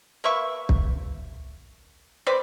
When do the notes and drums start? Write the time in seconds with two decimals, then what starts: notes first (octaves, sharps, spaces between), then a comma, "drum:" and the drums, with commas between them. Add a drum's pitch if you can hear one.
0.24 A#3 B4 E5 C#6
0.69 drum: kick
2.27 C4 B4 C5 D5